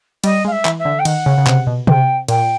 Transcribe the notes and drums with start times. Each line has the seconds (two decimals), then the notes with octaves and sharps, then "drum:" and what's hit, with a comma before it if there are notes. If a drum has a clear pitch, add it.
0.24 G3 D#5, drum: cymbal
0.45 G#3 F5
0.52 E5
0.65 E3, drum: clap
0.79 E5
0.85 D3
0.99 G5
1.05 D#3 F#5, drum: cymbal
1.26 C#3
1.38 C#3
1.47 C3, drum: clap
1.67 B2
1.87 C3 G5, drum: tom C3
2.28 A#2 G5, drum: cymbal